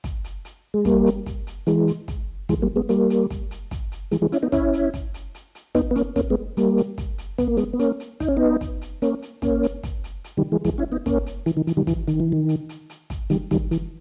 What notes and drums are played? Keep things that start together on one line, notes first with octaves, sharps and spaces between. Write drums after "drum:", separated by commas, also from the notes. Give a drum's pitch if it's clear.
drum: kick, hi-hat
drum: hi-hat
drum: hi-hat
G#3
G3 A#3, drum: kick, hi-hat
drum: hi-hat
drum: kick, hi-hat
drum: hi-hat
E3 G#3, drum: hi-hat
drum: hi-hat
drum: kick, hi-hat
E3 G#3, drum: kick, hi-hat
G3 A#3
G#3 B3
G3 A#3, drum: hi-hat
drum: hi-hat
drum: kick, hi-hat
drum: hi-hat
drum: kick, hi-hat
drum: hi-hat
E3 G#3, drum: hi-hat
E3 G#3
C#4 E4, drum: hi-hat
B3 D#4
C#4 E4, drum: kick, hi-hat
drum: hi-hat
drum: kick, hi-hat
drum: hi-hat
drum: hi-hat
drum: hi-hat
B3 D#4, drum: kick, hi-hat
B3
A#3 C#4, drum: hi-hat
A#3 C#4, drum: kick, hi-hat
G#3 B3
G3 A#3, drum: hi-hat
drum: hi-hat
drum: kick, hi-hat
drum: hi-hat
B3, drum: kick, hi-hat
A#3
G#3 B3, drum: hi-hat
B3
A#3 C#4, drum: hi-hat
drum: hi-hat
D#4, drum: kick, hi-hat
C#4
B3 D#4
drum: kick, hi-hat
drum: hi-hat
A#3 C#4, drum: hi-hat
drum: hi-hat
A#3 C#4, drum: kick, hi-hat
drum: hi-hat
drum: kick, hi-hat
drum: hi-hat
drum: hi-hat
D#3 G3
E3 G#3
E3 G#3, drum: kick, hi-hat
C#4 E4
B3 D#4
A#3 C#4, drum: kick, hi-hat
drum: hi-hat
E3, drum: hi-hat
D#3
E3, drum: hi-hat
D#3 G3
E3, drum: kick, hi-hat
D#3, drum: hi-hat
E3
D#3
drum: hi-hat
drum: hi-hat
drum: hi-hat
drum: kick, hi-hat
D#3 G3, drum: hi-hat
D#3 G3, drum: kick, hi-hat
E3, drum: hi-hat